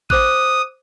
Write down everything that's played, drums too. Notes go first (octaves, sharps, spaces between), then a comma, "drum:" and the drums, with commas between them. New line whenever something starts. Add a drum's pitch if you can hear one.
C5 D6 D#6 F#6, drum: kick A1